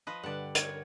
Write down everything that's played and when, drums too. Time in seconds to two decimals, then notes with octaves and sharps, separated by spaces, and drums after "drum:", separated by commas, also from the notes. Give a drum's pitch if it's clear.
0.07 F3 B4 D#5
0.23 G2 D3 D5 F#5
0.55 A#4 C#5, drum: hi-hat